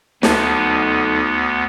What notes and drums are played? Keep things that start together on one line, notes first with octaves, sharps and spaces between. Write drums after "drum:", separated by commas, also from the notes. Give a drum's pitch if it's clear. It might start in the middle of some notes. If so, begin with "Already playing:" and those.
D2 B3 D#4 A4, drum: snare